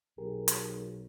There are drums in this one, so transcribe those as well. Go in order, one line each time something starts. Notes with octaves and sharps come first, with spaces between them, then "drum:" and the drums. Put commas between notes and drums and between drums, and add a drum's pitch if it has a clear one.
B1 G4 G#4 A#4
drum: hi-hat